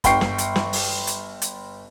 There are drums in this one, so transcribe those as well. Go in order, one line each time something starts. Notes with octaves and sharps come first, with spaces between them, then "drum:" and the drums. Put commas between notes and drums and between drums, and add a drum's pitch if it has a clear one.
G1 G5 C#6 C7, drum: kick, hi-hat
drum: snare
drum: hi-hat
drum: snare
drum: open hi-hat
drum: hi-hat
drum: hi-hat